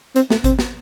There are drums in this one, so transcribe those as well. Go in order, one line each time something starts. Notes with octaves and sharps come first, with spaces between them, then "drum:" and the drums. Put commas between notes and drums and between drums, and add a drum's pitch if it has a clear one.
C4, drum: hi-hat
A3, drum: snare
C4, drum: kick G#1, hi-hat
drum: snare